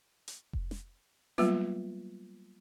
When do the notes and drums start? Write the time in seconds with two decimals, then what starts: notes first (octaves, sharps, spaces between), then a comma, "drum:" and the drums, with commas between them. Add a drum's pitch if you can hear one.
0.28 drum: hi-hat
0.53 drum: kick F1
0.71 drum: snare
1.38 F#3 G3 A#3 B3 F4 B4, drum: snare